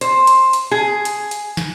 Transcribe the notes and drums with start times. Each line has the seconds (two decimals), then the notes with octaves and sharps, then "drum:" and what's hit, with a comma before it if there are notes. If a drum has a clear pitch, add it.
0.01 C5, drum: hi-hat
0.27 drum: hi-hat
0.53 drum: hi-hat
0.71 G#4
1.05 drum: hi-hat
1.31 drum: hi-hat
1.57 drum: snare